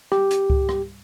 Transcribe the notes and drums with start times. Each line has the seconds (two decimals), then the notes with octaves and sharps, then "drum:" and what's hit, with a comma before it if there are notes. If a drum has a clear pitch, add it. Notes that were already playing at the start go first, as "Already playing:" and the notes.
0.12 G4, drum: rim click
0.31 drum: hi-hat
0.50 drum: kick C#2
0.69 drum: rim click